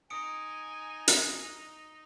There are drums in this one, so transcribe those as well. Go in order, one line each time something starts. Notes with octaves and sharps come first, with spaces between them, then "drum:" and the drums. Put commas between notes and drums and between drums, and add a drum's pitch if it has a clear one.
D#4 G#5 D#6 C#7 D7
drum: hi-hat